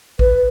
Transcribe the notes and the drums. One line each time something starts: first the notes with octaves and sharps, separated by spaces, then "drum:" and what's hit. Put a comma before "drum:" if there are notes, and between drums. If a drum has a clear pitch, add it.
B4, drum: kick